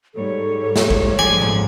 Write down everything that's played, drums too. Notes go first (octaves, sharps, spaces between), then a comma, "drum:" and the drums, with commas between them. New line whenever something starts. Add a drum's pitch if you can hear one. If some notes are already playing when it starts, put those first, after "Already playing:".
G#2 G3 A4 C#5
drum: snare
drum: kick A1
F3 G#3 D5 G#5
drum: tom G#2